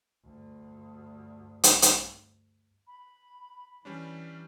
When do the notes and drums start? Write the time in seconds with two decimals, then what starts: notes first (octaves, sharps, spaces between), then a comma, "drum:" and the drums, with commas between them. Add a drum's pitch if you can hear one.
0.25 D2 G2
1.64 drum: hi-hat
1.82 drum: hi-hat
2.87 B5
3.85 E3 G3 C#4 D4